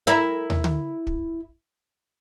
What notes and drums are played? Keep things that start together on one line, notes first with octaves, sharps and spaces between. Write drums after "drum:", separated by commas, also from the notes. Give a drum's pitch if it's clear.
E4 A#4 E5
drum: tom
drum: tom D3
drum: kick